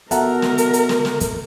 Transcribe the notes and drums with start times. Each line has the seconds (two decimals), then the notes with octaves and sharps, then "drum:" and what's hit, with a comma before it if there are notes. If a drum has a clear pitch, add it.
0.11 B2 A4 A#4 E5 F#5 A#5, drum: hi-hat
0.42 drum: snare
0.58 drum: hi-hat
0.73 drum: hi-hat
0.89 drum: snare
1.05 drum: snare
1.20 drum: hi-hat